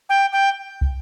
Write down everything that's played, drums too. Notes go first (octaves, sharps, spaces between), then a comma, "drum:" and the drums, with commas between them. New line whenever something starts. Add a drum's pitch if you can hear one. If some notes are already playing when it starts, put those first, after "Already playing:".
G5
G5
drum: kick